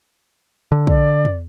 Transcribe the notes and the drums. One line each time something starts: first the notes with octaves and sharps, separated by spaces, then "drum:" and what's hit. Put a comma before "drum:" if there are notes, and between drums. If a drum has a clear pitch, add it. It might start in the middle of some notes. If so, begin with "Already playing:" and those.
D3
D5, drum: kick
drum: tom